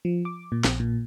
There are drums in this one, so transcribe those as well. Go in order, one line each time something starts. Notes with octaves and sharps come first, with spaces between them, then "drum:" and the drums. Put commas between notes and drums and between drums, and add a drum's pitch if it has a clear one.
F3
D6
A#2
A#1, drum: snare
A#2